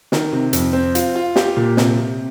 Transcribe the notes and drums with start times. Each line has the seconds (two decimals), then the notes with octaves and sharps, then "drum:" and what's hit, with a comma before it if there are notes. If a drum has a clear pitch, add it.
0.12 D#3, drum: snare
0.32 C3
0.53 F2, drum: hi-hat
0.73 C4
0.95 F4, drum: hi-hat
1.16 F4
1.36 G4, drum: snare
1.57 A#2
1.77 C3, drum: snare
1.97 C3